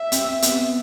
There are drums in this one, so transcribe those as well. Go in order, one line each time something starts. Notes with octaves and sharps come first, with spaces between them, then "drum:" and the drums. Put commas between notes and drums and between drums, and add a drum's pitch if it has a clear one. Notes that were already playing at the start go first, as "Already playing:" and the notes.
Already playing: E5
C4, drum: hi-hat
B3, drum: hi-hat